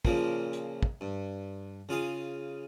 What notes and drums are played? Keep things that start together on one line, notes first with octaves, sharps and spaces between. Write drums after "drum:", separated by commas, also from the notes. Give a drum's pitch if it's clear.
A#2 C#3 F3 A#3, drum: kick
drum: hi-hat
drum: kick
G2
C#3 F4 G#4 F5